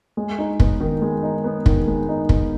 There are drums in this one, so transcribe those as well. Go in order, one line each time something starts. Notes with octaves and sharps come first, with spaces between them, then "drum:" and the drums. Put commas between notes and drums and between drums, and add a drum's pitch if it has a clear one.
G#3
D#4
B3, drum: kick
D#3
G#3
D#4
B3
D#3, drum: kick
G#3
D#4
B3, drum: kick